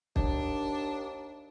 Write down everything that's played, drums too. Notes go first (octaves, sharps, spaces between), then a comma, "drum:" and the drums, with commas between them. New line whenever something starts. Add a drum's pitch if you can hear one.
D#2 D4, drum: kick